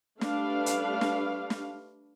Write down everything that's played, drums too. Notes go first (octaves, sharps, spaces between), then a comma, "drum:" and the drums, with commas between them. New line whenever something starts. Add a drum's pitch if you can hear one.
G3 A3 D4 B4 F5, drum: snare
drum: hi-hat
drum: snare
drum: snare